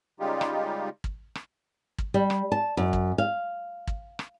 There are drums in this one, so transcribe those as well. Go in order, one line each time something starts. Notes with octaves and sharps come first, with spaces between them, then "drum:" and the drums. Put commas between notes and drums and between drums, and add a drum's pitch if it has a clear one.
C#3 G3 G#3 D#4 F4 G4
drum: rim click
drum: kick
drum: rim click
drum: kick
G3
drum: rim click
A5
F#2
drum: kick
F5
drum: kick
drum: rim click